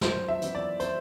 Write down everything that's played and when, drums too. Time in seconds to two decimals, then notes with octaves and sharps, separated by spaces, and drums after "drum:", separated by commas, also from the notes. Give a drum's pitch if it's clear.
0.01 F#2 C5, drum: snare
0.28 E5
0.42 E3 B3, drum: hi-hat
0.55 D5
0.80 C5, drum: hi-hat